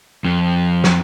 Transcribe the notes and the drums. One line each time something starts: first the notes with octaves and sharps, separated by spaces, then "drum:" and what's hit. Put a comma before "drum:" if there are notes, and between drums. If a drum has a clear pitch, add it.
F2
drum: snare